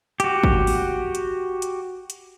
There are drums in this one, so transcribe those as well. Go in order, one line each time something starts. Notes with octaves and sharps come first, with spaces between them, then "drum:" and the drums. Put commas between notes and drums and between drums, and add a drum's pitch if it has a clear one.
F#4 G4, drum: hi-hat
drum: kick
drum: open hi-hat
drum: hi-hat
drum: hi-hat
drum: hi-hat